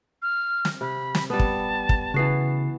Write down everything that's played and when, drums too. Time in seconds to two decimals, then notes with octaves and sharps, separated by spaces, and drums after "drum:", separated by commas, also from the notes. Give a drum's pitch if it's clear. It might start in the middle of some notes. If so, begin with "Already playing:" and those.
0.22 F6
0.65 drum: snare
0.81 C3 B5
1.15 drum: snare
1.30 G3 B3 A5
1.39 drum: kick
1.89 drum: kick
2.14 C#3 E3 B3 F#4 C7